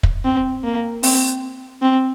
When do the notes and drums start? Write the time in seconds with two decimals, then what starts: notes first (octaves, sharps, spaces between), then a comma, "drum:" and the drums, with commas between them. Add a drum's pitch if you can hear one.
0.03 drum: kick
0.25 C4
0.64 A#3
1.03 C4, drum: open hi-hat
1.82 C4